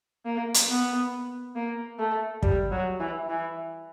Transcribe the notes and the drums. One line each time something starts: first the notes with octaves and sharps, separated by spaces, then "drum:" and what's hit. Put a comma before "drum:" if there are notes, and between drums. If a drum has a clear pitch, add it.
A#3
drum: hi-hat
B3
A#3
A3
G3, drum: kick
F#3
E3
E3